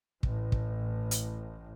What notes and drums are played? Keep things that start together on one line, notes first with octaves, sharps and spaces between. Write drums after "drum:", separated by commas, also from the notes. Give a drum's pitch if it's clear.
A1 A2, drum: kick
drum: kick
drum: hi-hat